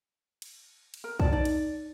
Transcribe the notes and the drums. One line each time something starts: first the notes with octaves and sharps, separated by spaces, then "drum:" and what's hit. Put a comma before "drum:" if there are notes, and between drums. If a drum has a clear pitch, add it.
drum: cymbal
drum: cymbal
A#4
D5 A5, drum: kick
D#4 D5
drum: cymbal